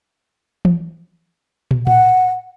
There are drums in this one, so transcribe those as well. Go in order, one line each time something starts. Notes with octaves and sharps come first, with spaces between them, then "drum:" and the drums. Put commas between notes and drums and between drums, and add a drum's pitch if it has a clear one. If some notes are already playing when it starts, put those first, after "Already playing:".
drum: tom E3
drum: tom
F#5, drum: tom A2